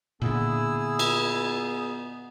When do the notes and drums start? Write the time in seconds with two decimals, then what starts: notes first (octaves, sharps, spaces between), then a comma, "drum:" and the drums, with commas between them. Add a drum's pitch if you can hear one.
0.22 A#2 D3 B3 E4 G#4 E6
0.99 drum: cymbal